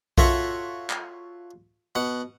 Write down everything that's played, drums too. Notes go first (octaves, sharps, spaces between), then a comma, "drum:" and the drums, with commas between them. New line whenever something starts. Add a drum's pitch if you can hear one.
F4 F#4 A4 C#5 E5 F#5, drum: kick B1
drum: clap
B2 F#5